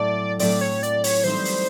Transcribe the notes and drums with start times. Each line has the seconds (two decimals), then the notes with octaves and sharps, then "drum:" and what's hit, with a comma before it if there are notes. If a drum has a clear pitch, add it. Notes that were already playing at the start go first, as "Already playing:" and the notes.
Already playing: A2 F#3 A3 C4 D5
0.40 A2 F#3 A3 C4 D5, drum: open hi-hat
0.61 C#5
0.83 D5, drum: hi-hat
1.04 C#5, drum: open hi-hat
1.24 E3 G3 C4 D#4 C5
1.45 drum: open hi-hat